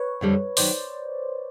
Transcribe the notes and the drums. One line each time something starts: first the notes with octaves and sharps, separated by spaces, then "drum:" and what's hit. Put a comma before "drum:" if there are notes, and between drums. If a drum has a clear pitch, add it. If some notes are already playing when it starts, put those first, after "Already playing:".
Already playing: B4 C#5
F2 D3 G3
D#3 F#3 C5 D5, drum: open hi-hat